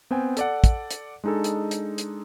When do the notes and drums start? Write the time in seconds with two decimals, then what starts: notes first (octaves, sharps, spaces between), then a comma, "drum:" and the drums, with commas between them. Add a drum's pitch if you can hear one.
0.11 B3 C4 G5 G#5
0.37 A4 D5 F#5, drum: hi-hat
0.64 drum: kick, hi-hat
0.91 drum: hi-hat
1.24 G#3 D4 D#4 G#4 A4
1.44 drum: hi-hat
1.71 drum: hi-hat
1.98 drum: hi-hat